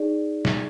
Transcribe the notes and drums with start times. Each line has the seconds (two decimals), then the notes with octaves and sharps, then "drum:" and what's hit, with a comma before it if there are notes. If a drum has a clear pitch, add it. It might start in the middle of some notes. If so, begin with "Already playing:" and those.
Already playing: D#4 G#4 D5
0.45 drum: snare